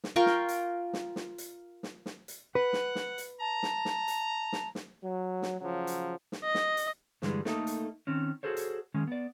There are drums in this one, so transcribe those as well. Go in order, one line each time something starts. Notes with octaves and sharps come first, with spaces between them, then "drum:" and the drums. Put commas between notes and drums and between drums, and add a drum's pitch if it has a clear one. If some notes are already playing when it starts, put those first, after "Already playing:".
drum: snare
F4 A#4 G5 C#6
drum: snare
drum: hi-hat
drum: snare
drum: snare
drum: hi-hat
drum: snare
drum: snare
drum: hi-hat
B4 F#5
drum: snare
drum: snare
drum: hi-hat
A5 A#5
drum: snare
drum: snare
drum: hi-hat
drum: snare
drum: snare
F#3
drum: snare
C#3 F3 F#3
drum: hi-hat
drum: snare
D#5
drum: snare
drum: hi-hat
G2 D3 E3 G3 G#3, drum: snare
A3 A#3 D#4 A4, drum: snare
drum: hi-hat
D#3 C4 C#4
F#4 G#4 A4 C5 C#5
drum: hi-hat
D#3 G#3 C#4
B3 D5